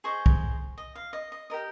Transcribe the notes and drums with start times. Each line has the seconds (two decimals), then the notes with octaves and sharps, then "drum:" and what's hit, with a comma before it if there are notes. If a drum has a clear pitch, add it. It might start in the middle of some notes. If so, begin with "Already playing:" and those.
0.04 G#4 C5 D#5 C#6
0.26 drum: kick
0.78 D#5
0.95 F5
1.13 D#5
1.32 D#5
1.50 G4 A#4 D#5